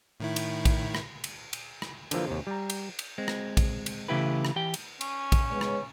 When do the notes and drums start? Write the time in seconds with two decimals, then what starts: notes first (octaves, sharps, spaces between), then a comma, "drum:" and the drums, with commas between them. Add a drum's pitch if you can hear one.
0.20 A2 D#3 E4
0.36 drum: cymbal
0.65 drum: kick A#1, cymbal
0.95 drum: rim click
1.24 drum: cymbal
1.53 drum: cymbal
1.82 drum: rim click
2.11 D3 E3 F3 A#3, drum: cymbal
2.27 D#2 C3
2.47 G3 A#5
2.70 drum: cymbal
2.99 drum: cymbal
3.18 G#3 C4
3.28 drum: rim click
3.57 drum: kick A#1, cymbal
3.86 drum: cymbal
4.08 C#3 E3 A3 E4 G4 B4
4.45 drum: rim click
4.56 E3 G4 G5
4.74 drum: cymbal
5.01 C#4, drum: cymbal
5.32 drum: kick A#1, cymbal
5.51 G#3 B3 C#5
5.61 drum: rim click